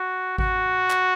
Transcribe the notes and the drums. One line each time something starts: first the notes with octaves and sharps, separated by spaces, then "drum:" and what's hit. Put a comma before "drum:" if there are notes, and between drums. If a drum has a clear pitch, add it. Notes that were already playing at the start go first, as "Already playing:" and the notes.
Already playing: F#4
F#4, drum: kick G#1
drum: clap